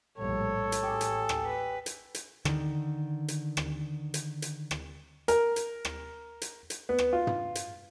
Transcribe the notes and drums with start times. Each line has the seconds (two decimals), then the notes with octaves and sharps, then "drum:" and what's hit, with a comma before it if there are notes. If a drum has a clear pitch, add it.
0.18 A#1 A2 G3 A4 C#5
0.72 drum: hi-hat
0.83 A1 G4 G#4
1.01 drum: hi-hat
1.29 drum: rim click
1.46 B4
1.86 drum: hi-hat
2.15 drum: hi-hat
2.45 D3 D#3, drum: rim click
3.28 drum: hi-hat
3.57 drum: rim click
4.14 drum: hi-hat
4.42 drum: hi-hat
4.71 drum: rim click
5.28 A#4, drum: hi-hat
5.56 drum: hi-hat
5.85 drum: rim click
6.42 drum: hi-hat
6.70 drum: hi-hat
6.89 B3
6.98 drum: rim click
7.13 F4
7.27 drum: tom
7.55 drum: hi-hat